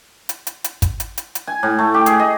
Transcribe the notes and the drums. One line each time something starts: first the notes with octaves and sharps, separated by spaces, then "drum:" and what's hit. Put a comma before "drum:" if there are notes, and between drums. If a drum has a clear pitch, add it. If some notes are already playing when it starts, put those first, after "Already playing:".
drum: hi-hat
drum: hi-hat
drum: hi-hat
drum: kick, hi-hat
drum: hi-hat
drum: hi-hat
drum: hi-hat
G#5
A2
A3
G4
G#4, drum: hi-hat
D#5